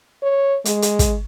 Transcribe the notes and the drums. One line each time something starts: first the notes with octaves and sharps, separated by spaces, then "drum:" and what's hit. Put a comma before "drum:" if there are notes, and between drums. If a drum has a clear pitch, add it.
C#5
G#3, drum: hi-hat
drum: hi-hat
drum: kick, hi-hat